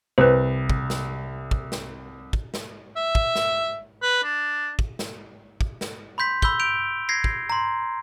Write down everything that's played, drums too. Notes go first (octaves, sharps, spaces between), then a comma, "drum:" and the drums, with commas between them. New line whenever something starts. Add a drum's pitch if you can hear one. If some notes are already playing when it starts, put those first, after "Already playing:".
C2 B4 C5
drum: kick
drum: snare
drum: kick
drum: snare
drum: kick
drum: snare
E5
drum: kick
drum: snare
B4
D4
drum: kick
drum: snare
drum: kick
drum: snare
B5 C6 G6 B6
B5 E6 G6 G7, drum: kick
G6 D7 F7
G#6 A#6 C7
drum: kick
A#5 C6